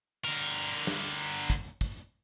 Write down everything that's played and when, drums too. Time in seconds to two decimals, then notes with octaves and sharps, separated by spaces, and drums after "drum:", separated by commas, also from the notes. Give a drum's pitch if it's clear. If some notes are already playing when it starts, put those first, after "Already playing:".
0.25 D3 A#4, drum: hi-hat
0.56 drum: hi-hat
0.87 drum: snare
1.50 drum: kick, hi-hat
1.81 drum: kick, hi-hat